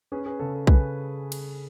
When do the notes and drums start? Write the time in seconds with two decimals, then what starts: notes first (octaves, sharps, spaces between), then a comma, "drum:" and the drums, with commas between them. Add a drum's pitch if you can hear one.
0.12 C#4 G#4 B4
0.26 G#4 B4
0.39 C#3 A4
0.54 A4
0.67 C#3 G#4 B4, drum: kick B1
1.32 drum: cymbal